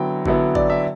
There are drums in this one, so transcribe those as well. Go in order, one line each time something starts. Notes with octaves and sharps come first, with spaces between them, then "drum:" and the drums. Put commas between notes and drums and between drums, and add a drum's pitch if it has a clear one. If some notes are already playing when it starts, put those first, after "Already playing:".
Already playing: D3 F#3 B3 E4 G5
D3 F#3 B3 E4, drum: kick G#1
D5, drum: kick G#1
E5